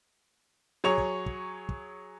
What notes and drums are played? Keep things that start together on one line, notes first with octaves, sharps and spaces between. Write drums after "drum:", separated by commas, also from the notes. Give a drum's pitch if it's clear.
F#3 G#4 C#5 C#6 F7
drum: kick
drum: kick
drum: kick